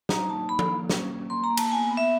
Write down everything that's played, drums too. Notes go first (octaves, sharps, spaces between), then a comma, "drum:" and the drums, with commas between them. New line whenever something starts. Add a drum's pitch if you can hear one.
D#4 A#5, drum: snare
A#3 A5
A#3 B5
drum: tom F3
A#3
C#4, drum: snare
A#3
A#3 C6
A#5
A#3
A5, drum: cymbal
B3 G#5
B3
E5